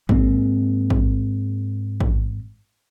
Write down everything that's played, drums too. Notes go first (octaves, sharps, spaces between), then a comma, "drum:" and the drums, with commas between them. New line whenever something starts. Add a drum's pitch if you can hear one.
G#2 G#3 A#3 C4, drum: kick A1
drum: kick A1
drum: kick A1